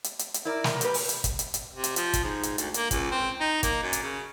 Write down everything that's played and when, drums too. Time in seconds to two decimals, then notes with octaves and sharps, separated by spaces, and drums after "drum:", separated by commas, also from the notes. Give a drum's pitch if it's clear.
0.04 drum: hi-hat
0.19 drum: hi-hat
0.34 drum: hi-hat
0.45 E4 A#4 D5
0.64 drum: snare
0.81 G4 B4, drum: hi-hat
0.94 drum: open hi-hat
1.09 drum: hi-hat
1.24 drum: kick, hi-hat
1.39 drum: hi-hat
1.54 drum: hi-hat
1.74 C3
1.84 drum: hi-hat
1.96 F3, drum: hi-hat
2.13 drum: kick, hi-hat
2.24 G#2
2.43 drum: hi-hat
2.58 D2, drum: hi-hat
2.74 A#3, drum: hi-hat
2.91 C#2, drum: kick, hi-hat
3.11 C4
3.40 D#4
3.63 A#3, drum: kick, hi-hat
3.83 F#2
3.93 drum: hi-hat
4.03 C#3